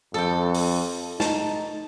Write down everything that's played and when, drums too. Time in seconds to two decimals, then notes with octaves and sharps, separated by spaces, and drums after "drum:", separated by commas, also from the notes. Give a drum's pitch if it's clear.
0.14 F2 A4 G5
0.54 drum: open hi-hat
1.20 D#4 A5, drum: snare